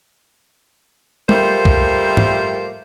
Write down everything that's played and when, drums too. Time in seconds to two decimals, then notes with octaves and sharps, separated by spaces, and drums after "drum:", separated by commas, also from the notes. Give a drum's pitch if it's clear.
1.29 F3 G3 A3 A#3 A#4 C5, drum: tom
1.65 drum: kick
2.17 drum: tom